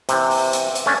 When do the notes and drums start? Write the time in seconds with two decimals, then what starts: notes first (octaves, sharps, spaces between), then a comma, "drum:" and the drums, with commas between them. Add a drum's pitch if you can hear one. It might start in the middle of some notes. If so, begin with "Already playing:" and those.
0.09 C3 E3, drum: hi-hat
0.31 drum: open hi-hat
0.53 drum: hi-hat
0.75 drum: hi-hat
0.86 A3 C#4 D4